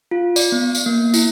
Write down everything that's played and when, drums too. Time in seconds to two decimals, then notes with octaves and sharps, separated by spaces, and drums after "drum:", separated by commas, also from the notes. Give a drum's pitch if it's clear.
0.11 F4
0.36 D5, drum: tambourine
0.52 B3
0.75 drum: tambourine
0.86 A#3
1.14 E4, drum: tambourine